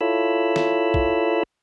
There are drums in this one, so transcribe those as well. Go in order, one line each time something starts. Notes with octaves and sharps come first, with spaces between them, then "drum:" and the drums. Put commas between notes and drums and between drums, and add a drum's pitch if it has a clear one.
E4 F4 A4 C#5 B5 E6
drum: snare
drum: kick